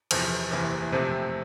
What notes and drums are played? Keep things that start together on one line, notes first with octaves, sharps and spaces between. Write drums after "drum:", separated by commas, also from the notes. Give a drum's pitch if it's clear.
E2 C3 F3, drum: cymbal
F#1 E2 C3 E3
F2 C3 F3 A3 C4